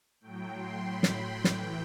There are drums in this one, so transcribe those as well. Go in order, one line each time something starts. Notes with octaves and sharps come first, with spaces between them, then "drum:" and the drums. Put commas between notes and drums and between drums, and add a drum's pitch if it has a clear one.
A2 F#3 G5
C6
B5
drum: snare
B5
A2 E3 G5, drum: snare